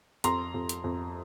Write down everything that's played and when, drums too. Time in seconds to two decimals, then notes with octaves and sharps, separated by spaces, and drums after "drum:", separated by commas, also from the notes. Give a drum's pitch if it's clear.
0.24 F2 A#5 C6, drum: hi-hat
0.54 F2
0.69 drum: hi-hat
0.84 F2